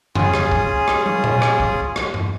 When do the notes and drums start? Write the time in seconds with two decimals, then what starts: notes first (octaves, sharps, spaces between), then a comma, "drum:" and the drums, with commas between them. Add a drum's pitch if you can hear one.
0.15 C#4 F4 G#4 D#6, drum: tom F2
0.34 drum: rim click
0.52 drum: kick
0.88 drum: rim click
1.06 drum: tom
1.24 drum: tom A#2
1.42 drum: rim click
1.60 drum: kick
1.96 drum: rim click
2.14 drum: tom G2